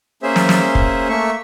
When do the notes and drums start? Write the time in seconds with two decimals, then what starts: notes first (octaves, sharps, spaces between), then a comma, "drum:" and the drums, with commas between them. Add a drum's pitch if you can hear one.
0.23 A#3 C#4 G#4 C5 E5
0.36 drum: snare
0.49 drum: snare
0.75 drum: kick F1
1.09 A3 A#3 E5 C#6